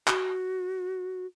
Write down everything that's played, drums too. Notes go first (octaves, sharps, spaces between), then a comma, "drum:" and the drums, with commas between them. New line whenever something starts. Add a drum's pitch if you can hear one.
F#4, drum: clap